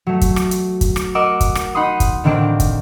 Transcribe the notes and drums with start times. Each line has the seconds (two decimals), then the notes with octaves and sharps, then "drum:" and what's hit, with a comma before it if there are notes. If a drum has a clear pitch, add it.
0.07 F#3 A3
0.21 drum: kick, hi-hat
0.36 drum: rim click
0.51 drum: hi-hat
0.81 drum: kick, hi-hat
0.96 drum: rim click
1.15 A#4 D#5 F#5 D6 E6
1.41 drum: kick, hi-hat
1.55 drum: rim click
1.75 D#4 F#5 B5 C6 D#6
2.00 drum: kick, hi-hat
2.24 A2 D3 D#3 A#3 C4 D4
2.60 drum: kick, hi-hat